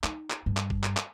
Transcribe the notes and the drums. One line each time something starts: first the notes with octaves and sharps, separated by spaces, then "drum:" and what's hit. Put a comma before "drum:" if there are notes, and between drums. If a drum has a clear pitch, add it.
D#4, drum: clap
drum: clap
G2
drum: clap
drum: kick
drum: clap
drum: clap